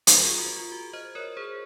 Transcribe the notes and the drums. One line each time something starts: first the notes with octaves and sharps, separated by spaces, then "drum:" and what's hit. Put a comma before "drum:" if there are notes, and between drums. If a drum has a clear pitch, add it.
F#4 A#4, drum: hi-hat
F4 G#4
F#4
F4
F#4
C5 D#5
A#4 C#5
G#4 C5